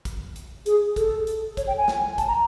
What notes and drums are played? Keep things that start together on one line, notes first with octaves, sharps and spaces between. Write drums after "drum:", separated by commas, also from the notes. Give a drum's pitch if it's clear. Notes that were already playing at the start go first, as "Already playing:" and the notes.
drum: kick, hi-hat
drum: hi-hat
G#4, drum: hi-hat
A4, drum: kick, hi-hat
drum: hi-hat
C#5, drum: kick, hi-hat
G5
G#5
drum: snare
A5, drum: kick, hi-hat
A#5